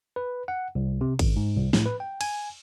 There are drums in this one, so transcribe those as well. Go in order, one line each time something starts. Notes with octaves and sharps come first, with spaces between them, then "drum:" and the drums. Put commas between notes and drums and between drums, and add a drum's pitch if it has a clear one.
B4
F#5
C2
C3
G#1, drum: kick, cymbal
G#2
C2
A2, drum: snare
B4
G5
G#5, drum: cymbal